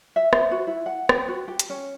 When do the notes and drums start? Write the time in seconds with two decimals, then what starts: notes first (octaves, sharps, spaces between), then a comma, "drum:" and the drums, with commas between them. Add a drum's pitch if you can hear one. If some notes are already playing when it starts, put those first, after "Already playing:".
0.16 E5
0.33 C5, drum: rim click
0.51 F#4
0.67 E4
0.86 F#5
1.09 G5, drum: rim click
1.28 F#4
1.48 G4
1.59 drum: hi-hat
1.70 C#4